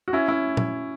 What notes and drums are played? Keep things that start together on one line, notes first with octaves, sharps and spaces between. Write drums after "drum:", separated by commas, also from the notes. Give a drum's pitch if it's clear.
F#4
C#4 E4
C#4 E4
drum: tom A#2